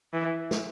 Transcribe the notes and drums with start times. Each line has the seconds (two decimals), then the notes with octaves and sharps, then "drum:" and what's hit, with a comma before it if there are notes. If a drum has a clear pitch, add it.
0.14 E3
0.51 drum: snare